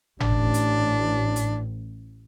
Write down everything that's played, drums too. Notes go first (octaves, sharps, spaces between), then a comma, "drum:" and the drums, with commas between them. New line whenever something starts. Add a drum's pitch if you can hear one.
A1 D4, drum: tom G1
drum: hi-hat
drum: hi-hat